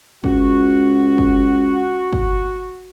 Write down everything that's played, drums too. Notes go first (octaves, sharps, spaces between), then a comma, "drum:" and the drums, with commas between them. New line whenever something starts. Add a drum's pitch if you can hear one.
C#2 F#4, drum: kick
drum: kick
drum: kick